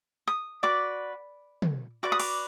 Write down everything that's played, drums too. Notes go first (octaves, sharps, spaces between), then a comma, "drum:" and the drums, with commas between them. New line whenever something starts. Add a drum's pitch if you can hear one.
D#6
F#4 B4 D5 D6
drum: tom
F#4 B4 D5 D6
D#6
D6, drum: cymbal